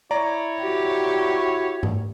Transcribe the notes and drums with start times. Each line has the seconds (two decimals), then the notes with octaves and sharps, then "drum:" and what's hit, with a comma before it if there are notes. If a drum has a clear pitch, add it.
0.11 E4 C#5 D5 A#5
0.62 F#4 G4
1.83 drum: tom G#2